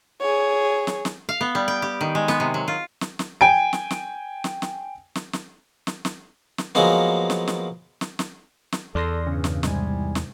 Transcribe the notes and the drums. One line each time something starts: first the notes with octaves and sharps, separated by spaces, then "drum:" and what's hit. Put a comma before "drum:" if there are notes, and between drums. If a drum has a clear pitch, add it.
G#4 C#5
drum: snare
drum: snare
F5
B3
G3
G5
G4
D#3
G#3
B3, drum: snare
C3
F#3
F4
drum: snare
drum: snare
G5 G#5 D7
drum: snare
drum: snare
drum: snare
drum: snare
drum: snare
drum: snare
drum: snare
drum: snare
drum: snare
F3 F#3 G#3 A#3 B3, drum: snare
drum: snare
drum: snare
drum: snare
drum: snare
drum: snare
E2 A4 D5 C6 A#6
G2 C#3
drum: snare
C2 G#2 G3 G#5, drum: snare
drum: snare